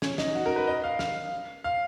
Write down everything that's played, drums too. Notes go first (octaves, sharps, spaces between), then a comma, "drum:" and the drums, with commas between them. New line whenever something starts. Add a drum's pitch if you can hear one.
C#4, drum: snare
D#4, drum: snare
F#4
A#4
B4
D#5
F5
F5, drum: snare
F5